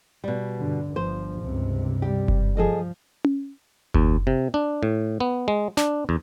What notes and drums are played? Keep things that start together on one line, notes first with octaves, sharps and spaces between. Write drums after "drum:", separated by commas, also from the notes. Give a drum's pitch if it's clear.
B2 G3
G2 D3
G1 F3 C5
C#2 G2 C3
G3 G4
drum: kick F#1
F3 G#4 A4 D#5
drum: tom C#4
D#2, drum: kick F#1
C3
D4
A2
B3
G#3
D4, drum: snare
E2